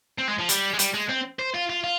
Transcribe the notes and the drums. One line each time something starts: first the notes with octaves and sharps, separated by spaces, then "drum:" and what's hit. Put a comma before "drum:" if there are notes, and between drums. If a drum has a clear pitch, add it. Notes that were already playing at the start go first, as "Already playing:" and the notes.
C4
G#3
F3
G3, drum: hi-hat
G#3
G3, drum: hi-hat
G#3
C4
C5
F4
F4
F4